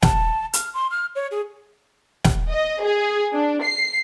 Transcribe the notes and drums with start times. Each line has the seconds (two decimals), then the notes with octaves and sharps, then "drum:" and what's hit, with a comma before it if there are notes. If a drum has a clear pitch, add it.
0.02 A5, drum: snare
0.53 F6, drum: hi-hat
0.74 C6
0.91 F6
1.16 C#5
1.31 G#4
2.24 drum: snare
2.50 D#5
2.81 G#4
3.33 D4
3.62 C7